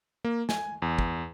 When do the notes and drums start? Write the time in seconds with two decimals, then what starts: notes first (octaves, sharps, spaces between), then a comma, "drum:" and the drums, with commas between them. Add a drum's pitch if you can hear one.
0.24 A#3
0.49 G#5, drum: snare
0.82 E2
0.99 drum: kick